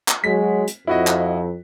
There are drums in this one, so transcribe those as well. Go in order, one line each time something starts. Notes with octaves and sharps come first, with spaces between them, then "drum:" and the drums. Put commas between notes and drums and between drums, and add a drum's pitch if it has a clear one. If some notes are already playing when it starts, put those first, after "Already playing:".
drum: clap
F#3 G#3 B6
drum: hi-hat
F2 E4 F#4 D#5
drum: clap